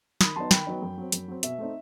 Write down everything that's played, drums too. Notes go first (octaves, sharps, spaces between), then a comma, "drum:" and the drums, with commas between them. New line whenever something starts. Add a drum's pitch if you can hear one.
D#3 B5 D#6, drum: snare
F#3 B3 D#4 A5 C6
D#3 G5 B5, drum: snare
F#3 B3 D#4
F#2
F#3 C4
F#2, drum: hi-hat
F#3 C4
B2 E5, drum: hi-hat
A3 C4 D#4